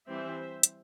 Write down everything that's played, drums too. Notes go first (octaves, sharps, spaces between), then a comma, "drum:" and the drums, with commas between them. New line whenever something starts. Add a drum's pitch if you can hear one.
E3 G3 C4 C5 E5
drum: hi-hat